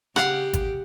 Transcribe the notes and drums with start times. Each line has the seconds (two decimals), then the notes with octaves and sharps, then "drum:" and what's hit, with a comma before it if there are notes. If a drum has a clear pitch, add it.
0.16 C#3 G4 F5 F#5, drum: rim click
0.53 drum: kick, hi-hat